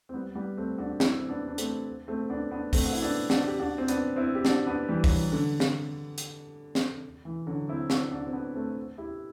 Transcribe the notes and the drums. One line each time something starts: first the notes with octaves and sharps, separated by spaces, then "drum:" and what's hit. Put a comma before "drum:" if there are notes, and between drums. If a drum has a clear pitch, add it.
C4
G3 B3
G3 B3
A3 C4
D4 F#4
C4 E4, drum: snare
B3 D4
D4
A3 C4, drum: hi-hat
A3 C4
B3 D4
B3 D4
A3 C4, drum: kick, open hi-hat
F#4
E4
B3 D4
D4 F#4, drum: snare
G4
D4 F#4
C4
B3 D4, drum: hi-hat
C4 E4
G4
D4 F#4, drum: snare
B3 D4
E3 G3
F#3, drum: kick, open hi-hat
E3
D3
drum: snare
drum: hi-hat
drum: snare
E3
D3 F#3
C4 E4
D4 F#4, drum: snare
D4 F#4
C4
B3 D4
A3 C4
E4 G4